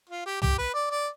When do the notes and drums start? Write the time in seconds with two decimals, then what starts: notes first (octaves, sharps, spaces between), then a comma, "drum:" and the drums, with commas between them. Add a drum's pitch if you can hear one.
0.09 F4
0.26 G4
0.42 G4, drum: tom
0.58 B4
0.74 D5
0.91 D5